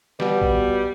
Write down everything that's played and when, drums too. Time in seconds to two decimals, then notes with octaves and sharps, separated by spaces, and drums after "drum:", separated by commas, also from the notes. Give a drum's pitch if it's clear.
0.20 B2 G3, drum: snare
0.42 drum: kick